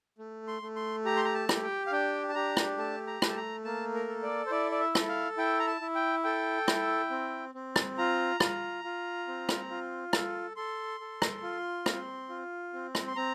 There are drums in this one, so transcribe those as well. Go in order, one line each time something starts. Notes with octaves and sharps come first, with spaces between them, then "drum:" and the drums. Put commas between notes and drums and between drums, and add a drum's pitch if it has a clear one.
A3
C6
A3
C6
G4 A#5
C6
A#5
A5
G4, drum: rim click
G5
F5
D4 G5
A5
G4 A#5
drum: rim click
A3 A5
A#5
A3, drum: rim click
A5
A#5
A#3 A5
A#4
A4
D5
C5
E4 D5
D5
E5
A4, drum: rim click
F5
E4 G5
A#5
A5
E4
G5
A4 G5
E4, drum: rim click
C4
C4
drum: rim click
F4 A#5
F4, drum: rim click
F4
C4
drum: rim click
F4
A4, drum: rim click
A4 C6
A4
drum: rim click
F4
C4, drum: rim click
F4
C4
drum: rim click
C6
C4 A#5